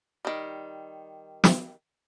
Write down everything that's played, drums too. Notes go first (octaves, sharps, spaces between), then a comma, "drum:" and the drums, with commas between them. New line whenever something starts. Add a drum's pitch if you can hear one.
D#3 G3
drum: snare